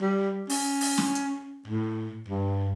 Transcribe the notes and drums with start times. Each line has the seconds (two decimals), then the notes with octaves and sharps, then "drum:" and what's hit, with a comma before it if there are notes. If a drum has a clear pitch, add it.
0.01 G3
0.50 C#4, drum: open hi-hat
0.81 drum: open hi-hat
0.98 drum: snare
1.15 drum: hi-hat
1.67 A2
2.28 G2